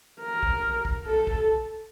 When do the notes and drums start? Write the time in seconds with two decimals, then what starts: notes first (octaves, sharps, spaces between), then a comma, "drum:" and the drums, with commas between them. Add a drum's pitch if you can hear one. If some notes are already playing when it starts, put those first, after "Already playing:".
0.22 A#4
0.43 drum: kick
0.85 drum: kick
1.06 A4
1.27 drum: kick